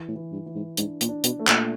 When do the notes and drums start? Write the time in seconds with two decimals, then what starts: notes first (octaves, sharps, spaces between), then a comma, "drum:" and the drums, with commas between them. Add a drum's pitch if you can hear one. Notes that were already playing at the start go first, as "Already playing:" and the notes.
Already playing: E3
0.08 A2
0.16 E3
0.32 G2
0.46 E3
0.55 G#2
0.77 G#2 D4, drum: hi-hat
1.01 A#2, drum: hi-hat
1.08 D4
1.24 B2, drum: hi-hat
1.39 A3
1.47 A#2, drum: clap